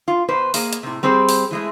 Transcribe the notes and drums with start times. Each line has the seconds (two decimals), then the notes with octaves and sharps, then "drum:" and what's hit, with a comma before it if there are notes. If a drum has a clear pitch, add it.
0.08 F4
0.28 B2 B4 C5
0.54 A#3 G#4, drum: open hi-hat
0.73 drum: hi-hat
0.83 A2 C3
1.03 G3 C4 G#4 C5
1.29 drum: open hi-hat
1.51 E3 G#3 A3